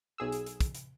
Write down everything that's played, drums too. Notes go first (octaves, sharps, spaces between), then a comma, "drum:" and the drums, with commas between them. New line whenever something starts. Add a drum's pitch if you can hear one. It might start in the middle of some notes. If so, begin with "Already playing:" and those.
B1 G#4 E6
drum: hi-hat
drum: hi-hat
drum: kick, hi-hat
drum: hi-hat